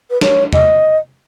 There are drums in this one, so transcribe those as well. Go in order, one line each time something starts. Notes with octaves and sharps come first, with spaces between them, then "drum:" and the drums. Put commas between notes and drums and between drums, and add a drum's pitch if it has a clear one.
B4
C#5, drum: snare
D#5, drum: tom